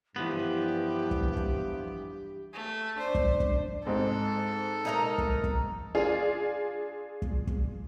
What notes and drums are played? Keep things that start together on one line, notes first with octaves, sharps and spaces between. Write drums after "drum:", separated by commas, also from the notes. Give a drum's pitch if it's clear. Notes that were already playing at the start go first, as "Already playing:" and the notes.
G2 E3 F3 B3 G4
drum: kick
drum: kick
A3
D4 C5
drum: kick
drum: kick
G#2 G#3 C4 A4
D#4 E4 A#4
drum: kick
drum: kick
D4 F4 G#4
drum: kick
drum: kick